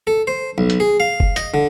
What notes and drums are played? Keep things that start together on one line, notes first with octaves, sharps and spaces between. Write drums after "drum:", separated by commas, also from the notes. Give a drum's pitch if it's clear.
A4
C5
B1
drum: hi-hat
G#4
F5
drum: kick
D#5, drum: hi-hat
D3